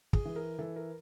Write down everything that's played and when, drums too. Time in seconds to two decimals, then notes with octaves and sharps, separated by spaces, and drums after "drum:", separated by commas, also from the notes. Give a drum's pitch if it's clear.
0.13 G#4, drum: kick
0.25 E3
0.36 A#4
0.59 E3 A4
0.76 A#4